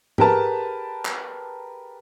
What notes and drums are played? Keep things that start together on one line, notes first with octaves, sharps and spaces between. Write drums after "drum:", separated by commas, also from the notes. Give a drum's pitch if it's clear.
G4 G#4 A#4 B4 A5 A#5, drum: tom
drum: clap